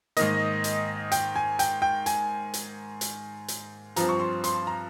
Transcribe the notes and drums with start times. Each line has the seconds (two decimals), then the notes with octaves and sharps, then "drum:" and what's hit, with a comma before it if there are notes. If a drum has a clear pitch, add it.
0.17 G#2 D#3 A#3 D#5, drum: hi-hat
0.64 drum: hi-hat
1.12 G5, drum: hi-hat
1.36 G#5
1.59 G5, drum: hi-hat
1.82 G5
2.06 G#5, drum: hi-hat
2.54 drum: hi-hat
3.01 drum: hi-hat
3.48 drum: hi-hat
3.96 G2 F3 C4 A#5, drum: hi-hat
4.09 C#6
4.19 C6
4.44 C6, drum: hi-hat
4.67 A#5